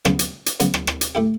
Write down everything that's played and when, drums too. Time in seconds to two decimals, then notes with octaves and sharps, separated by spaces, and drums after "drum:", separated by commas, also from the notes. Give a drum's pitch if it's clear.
0.05 C#3 F#3 B3, drum: rim click
0.19 drum: hi-hat
0.46 drum: hi-hat
0.60 C#3 F#3 B3, drum: hi-hat
0.74 drum: rim click
0.87 drum: rim click
1.01 drum: hi-hat
1.15 A3 E4 G4